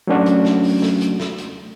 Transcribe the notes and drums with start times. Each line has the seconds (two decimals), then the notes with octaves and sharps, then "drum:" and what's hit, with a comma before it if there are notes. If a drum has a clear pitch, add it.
0.07 F#3 A3 C#4 D4 F#4
0.26 drum: hi-hat
0.45 drum: snare
0.64 drum: open hi-hat
0.82 drum: snare
1.01 drum: hi-hat
1.20 drum: snare
1.38 drum: hi-hat